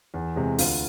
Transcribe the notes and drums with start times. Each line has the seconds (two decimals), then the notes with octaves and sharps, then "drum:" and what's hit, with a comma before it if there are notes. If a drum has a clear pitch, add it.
0.14 E2
0.36 C3 G#3
0.59 D2 F4, drum: open hi-hat